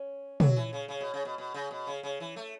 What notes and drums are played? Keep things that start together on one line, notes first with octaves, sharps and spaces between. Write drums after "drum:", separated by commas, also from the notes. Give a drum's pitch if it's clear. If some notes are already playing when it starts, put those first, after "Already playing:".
Already playing: C#4
F#3, drum: tom
E3
C#3
C#3
B2
C#3
B2
B2
C#3
B2
C#3
C#3
E3
A3